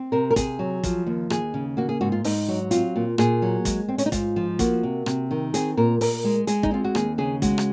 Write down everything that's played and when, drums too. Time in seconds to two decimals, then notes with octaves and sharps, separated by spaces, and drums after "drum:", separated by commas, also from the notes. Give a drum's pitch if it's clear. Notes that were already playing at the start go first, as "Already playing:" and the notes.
Already playing: C4
0.12 C3 A#4
0.31 A#4
0.36 C3 G#4, drum: kick, hi-hat
0.59 F#3
0.84 F3, drum: kick, hi-hat
1.06 D#2
1.30 D#2 G#4, drum: rim click
1.54 C#3
1.77 A#3 F#4
1.89 G#4
2.01 G#2 F#4
2.12 F4
2.24 G#2 D#4, drum: open hi-hat
2.48 F#3
2.71 C4 F4, drum: hi-hat
2.96 A#2
3.18 A#2 G#4, drum: rim click
3.42 F#3
3.65 G#3, drum: kick, hi-hat
3.88 C4
3.98 C#4, drum: hi-hat
4.06 D#4
4.12 G#2 F4, drum: kick, hi-hat
4.36 F3
4.59 A#3 F#4, drum: kick, hi-hat
4.83 C3
5.06 C3, drum: rim click
5.31 D#3
5.54 C4 G#4, drum: hi-hat
5.77 A#2 A#4
6.01 A#2 A#4, drum: open hi-hat
6.24 G#3
6.47 G#3 G#4, drum: hi-hat
6.63 D#4, drum: kick
6.72 C4 F4
6.84 F#4
6.95 D#2 G#4, drum: rim click
7.18 C#3 G#4
7.42 G#3 F#4, drum: kick, hi-hat
7.58 drum: rim click